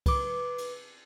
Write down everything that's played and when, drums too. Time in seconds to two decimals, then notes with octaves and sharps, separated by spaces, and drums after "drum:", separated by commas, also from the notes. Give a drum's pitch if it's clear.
0.06 B4 D6, drum: kick C2, cymbal
0.58 drum: cymbal